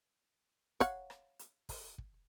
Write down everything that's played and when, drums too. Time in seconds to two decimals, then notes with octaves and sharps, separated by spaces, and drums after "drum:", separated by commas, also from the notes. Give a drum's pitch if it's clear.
0.80 C#5 F5 F#5, drum: kick, hi-hat
1.10 drum: rim click
1.39 drum: hi-hat
1.69 drum: kick, open hi-hat
1.98 drum: kick